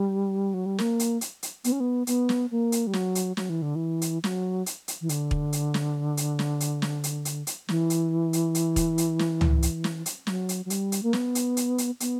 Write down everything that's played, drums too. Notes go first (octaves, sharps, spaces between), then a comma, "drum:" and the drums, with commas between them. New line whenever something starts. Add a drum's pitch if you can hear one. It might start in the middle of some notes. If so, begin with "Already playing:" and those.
Already playing: G3
F#3
G3
A#3, drum: snare
drum: hi-hat
drum: hi-hat
drum: hi-hat
B3, drum: hi-hat
C#4
B3
B3, drum: hi-hat
drum: snare
A#3
drum: hi-hat
G3
F#3, drum: snare
drum: hi-hat
F#3, drum: snare
E3
D3
E3
drum: hi-hat
F#3, drum: snare
drum: hi-hat
drum: hi-hat
E3
D3, drum: hi-hat
drum: kick
drum: hi-hat
drum: snare
drum: hi-hat
drum: snare
drum: hi-hat
drum: snare
drum: hi-hat
drum: hi-hat
drum: hi-hat
E3, drum: snare
drum: hi-hat
drum: hi-hat
drum: hi-hat
drum: kick, hi-hat
drum: hi-hat
drum: snare
drum: tom C#2
drum: hi-hat
drum: snare
drum: hi-hat
F#3, drum: snare
drum: hi-hat
F#3
G3, drum: hi-hat
drum: hi-hat
A#3
B3, drum: snare
drum: hi-hat
drum: hi-hat
drum: hi-hat
B3, drum: hi-hat